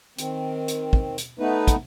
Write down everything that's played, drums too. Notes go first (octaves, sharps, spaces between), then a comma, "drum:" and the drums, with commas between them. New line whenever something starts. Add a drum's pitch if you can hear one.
D#3 C4, drum: hi-hat
drum: hi-hat
drum: kick
drum: hi-hat
A3 B3 D#4 B4
drum: kick, hi-hat